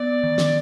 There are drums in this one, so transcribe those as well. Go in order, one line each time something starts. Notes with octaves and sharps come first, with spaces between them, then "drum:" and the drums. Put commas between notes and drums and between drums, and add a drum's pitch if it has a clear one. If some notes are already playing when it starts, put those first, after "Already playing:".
Already playing: B3 D5
D#3
drum: snare